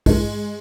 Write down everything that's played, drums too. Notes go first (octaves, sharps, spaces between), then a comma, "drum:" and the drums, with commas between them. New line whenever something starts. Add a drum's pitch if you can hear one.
G#3, drum: kick, open hi-hat